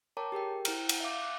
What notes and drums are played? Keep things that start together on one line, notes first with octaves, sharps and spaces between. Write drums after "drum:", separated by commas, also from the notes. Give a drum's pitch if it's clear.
A#4 C#5 G5 A5 A#5 D6
G4 G#4 A#4 G5
E4 C5 G5 A#5 F6, drum: cymbal
drum: cymbal
E5 F5 D6
D6 F#6